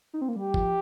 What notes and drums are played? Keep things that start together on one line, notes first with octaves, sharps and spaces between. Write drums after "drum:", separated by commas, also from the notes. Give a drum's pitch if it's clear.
D#4
C4
A#3
G3 G4
F3, drum: kick